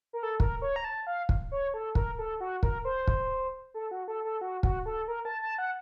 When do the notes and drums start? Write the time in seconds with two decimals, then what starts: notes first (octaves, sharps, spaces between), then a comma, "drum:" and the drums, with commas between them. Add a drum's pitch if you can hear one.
0.13 A#4
0.23 A4
0.40 A#4, drum: kick
0.62 C#5
0.76 A#5
0.85 A5
1.07 F5
1.29 drum: kick
1.52 C#5
1.74 A4
1.95 A#4, drum: kick
2.18 A4
2.40 F#4
2.63 A#4, drum: kick
2.85 C5
3.07 drum: kick
3.74 A4
3.91 F#4
4.08 A4
4.25 A4
4.41 F#4
4.63 F#4, drum: kick
4.86 A4
5.08 A#4
5.25 A5
5.42 A5
5.58 F#5